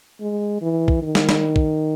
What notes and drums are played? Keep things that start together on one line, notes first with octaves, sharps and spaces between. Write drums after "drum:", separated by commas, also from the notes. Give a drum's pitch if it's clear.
G#3
E3
drum: kick
D#3
drum: snare
drum: snare
drum: kick